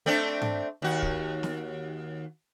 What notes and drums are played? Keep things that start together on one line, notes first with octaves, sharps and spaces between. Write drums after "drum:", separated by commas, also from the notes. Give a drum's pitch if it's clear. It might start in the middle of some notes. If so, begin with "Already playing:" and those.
A3 C4 D4
drum: tom G#2
D#2 F#4
drum: kick
drum: snare